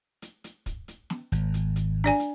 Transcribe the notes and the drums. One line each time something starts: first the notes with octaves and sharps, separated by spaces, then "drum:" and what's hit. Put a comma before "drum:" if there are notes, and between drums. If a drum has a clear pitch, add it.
drum: hi-hat
drum: hi-hat
drum: kick, hi-hat
drum: hi-hat
drum: snare
G#1, drum: hi-hat
drum: hi-hat
drum: hi-hat
D4 D5 G#5
drum: hi-hat